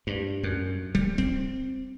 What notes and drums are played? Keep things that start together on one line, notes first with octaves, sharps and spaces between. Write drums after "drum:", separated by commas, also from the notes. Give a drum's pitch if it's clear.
G2
F#2
G3, drum: kick
C4, drum: kick